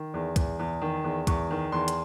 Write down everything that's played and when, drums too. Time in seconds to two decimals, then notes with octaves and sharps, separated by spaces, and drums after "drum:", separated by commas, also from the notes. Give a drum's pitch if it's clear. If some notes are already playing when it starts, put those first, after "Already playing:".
Already playing: D#3
0.14 E2
0.36 E2, drum: kick, hi-hat
0.59 E2
0.82 D#3
1.04 E2
1.27 E2 C#6, drum: kick, hi-hat
1.51 D#3
1.72 E2 C6
1.88 drum: hi-hat